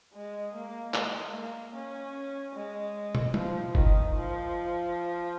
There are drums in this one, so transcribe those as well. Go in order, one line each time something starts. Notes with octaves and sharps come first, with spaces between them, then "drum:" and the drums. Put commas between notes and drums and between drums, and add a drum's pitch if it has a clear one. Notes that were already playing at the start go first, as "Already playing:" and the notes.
G#3
A#3
G#3, drum: clap
A#3
C#4
G#3
drum: tom
F3, drum: tom F#3
D#3, drum: kick
F3